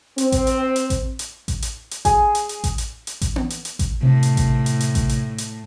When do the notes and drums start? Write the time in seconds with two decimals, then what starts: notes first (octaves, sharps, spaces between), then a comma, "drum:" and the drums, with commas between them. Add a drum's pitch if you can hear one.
0.18 C4, drum: hi-hat
0.32 drum: kick A1, hi-hat
0.47 drum: hi-hat
0.76 drum: hi-hat
0.90 drum: kick A1, hi-hat
1.19 drum: hi-hat
1.48 drum: kick A1, hi-hat
1.62 drum: hi-hat
1.91 drum: hi-hat
2.05 G#4, drum: kick A1, hi-hat
2.35 drum: hi-hat
2.49 drum: hi-hat
2.64 drum: kick A1, hi-hat
2.78 drum: hi-hat
3.07 drum: hi-hat
3.21 drum: kick A1, hi-hat
3.36 drum: tom B3
3.50 drum: hi-hat
3.65 drum: hi-hat
3.79 drum: kick A1, hi-hat
4.02 A2 C3
4.23 drum: hi-hat
4.37 drum: kick A1, hi-hat
4.66 drum: hi-hat
4.80 drum: hi-hat
4.95 drum: kick A1, hi-hat
5.09 drum: hi-hat
5.38 drum: hi-hat